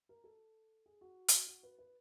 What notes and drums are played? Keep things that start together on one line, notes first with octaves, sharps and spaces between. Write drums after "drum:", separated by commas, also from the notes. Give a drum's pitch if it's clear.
A#4
A4
G#4
F#4
drum: hi-hat
F#4
B4
B4